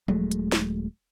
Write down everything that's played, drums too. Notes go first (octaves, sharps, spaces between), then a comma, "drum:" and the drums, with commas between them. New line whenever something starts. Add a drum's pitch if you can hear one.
D#1 F#3 G#3 A3, drum: tom F3
drum: hi-hat
drum: snare